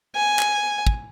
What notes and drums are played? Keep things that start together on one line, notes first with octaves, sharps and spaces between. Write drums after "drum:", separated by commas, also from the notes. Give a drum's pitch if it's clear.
G#5
drum: clap
drum: kick